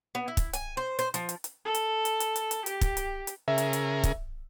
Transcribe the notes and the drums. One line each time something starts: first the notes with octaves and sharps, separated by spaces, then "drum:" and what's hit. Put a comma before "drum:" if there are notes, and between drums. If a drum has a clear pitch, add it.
B3
E4
drum: kick, hi-hat
G#5, drum: hi-hat
C5
C5, drum: hi-hat
F3, drum: hi-hat
drum: hi-hat
drum: hi-hat
A4
drum: hi-hat
drum: hi-hat
drum: hi-hat
drum: hi-hat
drum: hi-hat
G4, drum: hi-hat
drum: kick, hi-hat
drum: hi-hat
drum: hi-hat
C#3 G#4 A#4 E5
drum: hi-hat
drum: hi-hat
drum: kick, hi-hat